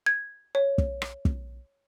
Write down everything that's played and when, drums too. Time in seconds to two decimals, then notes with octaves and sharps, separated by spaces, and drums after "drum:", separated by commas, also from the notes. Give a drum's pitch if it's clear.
0.06 G#6
0.55 C#5
0.78 drum: kick
1.02 drum: rim click
1.25 drum: kick